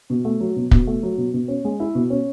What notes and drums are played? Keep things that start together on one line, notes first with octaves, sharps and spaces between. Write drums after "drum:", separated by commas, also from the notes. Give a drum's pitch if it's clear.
B2
A3
F#3
B2
B2, drum: kick
A3
F#3
B2
B2
C#4
G#3
E4
B2
C#4